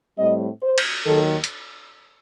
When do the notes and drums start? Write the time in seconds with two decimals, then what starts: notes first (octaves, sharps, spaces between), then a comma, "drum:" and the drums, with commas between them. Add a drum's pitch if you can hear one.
0.19 A2 G3 C4 D#5
0.62 C5
0.78 drum: cymbal
1.06 D#2 D#3 F#3 A4
1.44 drum: hi-hat